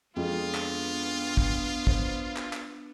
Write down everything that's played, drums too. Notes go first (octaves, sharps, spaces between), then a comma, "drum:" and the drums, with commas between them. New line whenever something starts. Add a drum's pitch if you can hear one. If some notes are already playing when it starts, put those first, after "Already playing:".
F2 G#3 B3 D4 F4
drum: clap
drum: kick
C5, drum: kick
drum: clap
drum: clap